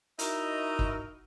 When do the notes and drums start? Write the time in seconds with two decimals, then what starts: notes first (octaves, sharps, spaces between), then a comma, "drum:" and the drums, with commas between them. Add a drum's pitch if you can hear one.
0.19 D#4 E4 F#4 A#4 D#5 E5, drum: hi-hat
0.79 drum: kick F#1